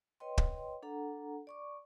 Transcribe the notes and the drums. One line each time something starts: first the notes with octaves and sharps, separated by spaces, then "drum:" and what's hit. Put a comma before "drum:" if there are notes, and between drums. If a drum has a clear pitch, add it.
B4 C#5 D#5 G5 C6
drum: kick
D4 A4 F#5 A#5
D5 C#6 D6